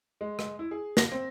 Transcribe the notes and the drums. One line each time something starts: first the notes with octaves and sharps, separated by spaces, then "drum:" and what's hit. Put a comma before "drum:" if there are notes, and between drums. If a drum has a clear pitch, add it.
G#3
G#3, drum: rim click
E4
G#4
A#6, drum: snare
C4